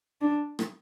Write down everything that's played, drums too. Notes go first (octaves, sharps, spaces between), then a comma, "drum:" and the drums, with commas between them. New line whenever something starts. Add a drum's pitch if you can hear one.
D4
drum: rim click